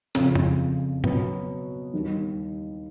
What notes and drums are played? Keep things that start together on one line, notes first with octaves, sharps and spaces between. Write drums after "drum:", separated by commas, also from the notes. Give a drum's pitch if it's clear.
F2 C#3 F3, drum: snare
drum: tom
B2 F#3 B3, drum: tom G#2
D#2 D#3 G3